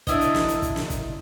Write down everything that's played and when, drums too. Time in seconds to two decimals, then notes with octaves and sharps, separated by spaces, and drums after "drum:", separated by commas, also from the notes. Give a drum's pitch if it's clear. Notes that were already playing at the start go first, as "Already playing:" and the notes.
0.07 D4 E4 D#5, drum: kick, hi-hat
0.21 drum: hi-hat
0.34 drum: snare
0.48 drum: hi-hat
0.62 drum: kick, hi-hat
0.76 drum: snare
0.90 drum: kick, hi-hat